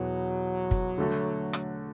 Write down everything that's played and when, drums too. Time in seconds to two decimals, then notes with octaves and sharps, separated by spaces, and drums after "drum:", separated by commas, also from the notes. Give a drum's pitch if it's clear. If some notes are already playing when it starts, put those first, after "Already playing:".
Already playing: E2 B2 F#3 B3
0.71 drum: kick
0.98 D3 A3 F#4
1.53 drum: rim click